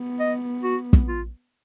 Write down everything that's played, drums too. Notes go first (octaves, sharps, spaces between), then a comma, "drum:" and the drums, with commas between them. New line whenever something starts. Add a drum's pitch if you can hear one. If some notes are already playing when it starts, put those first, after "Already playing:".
Already playing: B3
D#5
F#4
drum: kick
F4